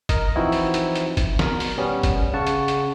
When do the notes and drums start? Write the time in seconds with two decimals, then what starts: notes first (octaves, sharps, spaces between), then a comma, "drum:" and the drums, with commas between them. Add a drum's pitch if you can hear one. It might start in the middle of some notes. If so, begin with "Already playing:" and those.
0.09 A#4 D#5, drum: kick, hi-hat
0.36 E3 F3 C4 D#4 E4 F#4
0.52 drum: open hi-hat
0.74 drum: hi-hat
0.95 drum: hi-hat
1.17 drum: kick, hi-hat
1.39 B2 A#4, drum: snare
1.60 drum: open hi-hat
1.78 G3 B3 C#4
2.03 drum: kick, hi-hat
2.33 C#3 F#5 A5 C#6
2.47 drum: hi-hat
2.68 drum: hi-hat